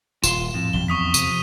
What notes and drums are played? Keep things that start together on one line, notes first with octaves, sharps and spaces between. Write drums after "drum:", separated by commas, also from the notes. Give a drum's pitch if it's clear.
D#1 F4 F5 C6 E7, drum: tambourine
F2 A2
A#1 F#2 B2 G7
E2 C#6 D#6 B6
C3 F3 D#7, drum: tambourine